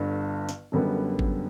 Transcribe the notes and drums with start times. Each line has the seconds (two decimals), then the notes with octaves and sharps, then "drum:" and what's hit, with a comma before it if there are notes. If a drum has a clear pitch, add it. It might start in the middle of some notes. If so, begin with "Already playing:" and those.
Already playing: G1 G2 D3
0.49 drum: snare
0.72 F#1 F#2 D3 G3 B3
1.19 drum: kick G#1